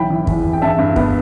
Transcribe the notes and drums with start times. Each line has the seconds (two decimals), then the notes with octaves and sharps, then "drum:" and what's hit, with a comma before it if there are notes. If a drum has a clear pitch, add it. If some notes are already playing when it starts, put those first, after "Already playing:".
Already playing: B1 E3 G5 B5
0.10 E3
0.27 E2, drum: kick
0.45 E2
0.53 G5
0.62 G2 E5 A5
0.79 G2
0.96 B3, drum: kick